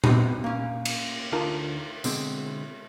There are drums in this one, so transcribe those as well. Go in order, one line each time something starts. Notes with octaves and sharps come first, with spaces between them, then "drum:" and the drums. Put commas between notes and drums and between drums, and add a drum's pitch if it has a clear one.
B3 C4 D#4 F#4 C5, drum: tom A#2
A#3 C#4
drum: cymbal
D2 D3 D#4 F4 A#4 A5
B2 D3 G#3 C4, drum: tambourine